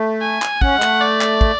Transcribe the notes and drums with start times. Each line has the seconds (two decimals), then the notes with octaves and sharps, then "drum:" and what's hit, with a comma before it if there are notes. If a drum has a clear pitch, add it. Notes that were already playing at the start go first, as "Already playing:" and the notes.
Already playing: A3
0.22 G#5
0.42 drum: clap
0.61 C#4 F#5, drum: kick
0.76 G#3
0.82 A3, drum: clap
1.01 D5
1.21 drum: clap
1.41 drum: kick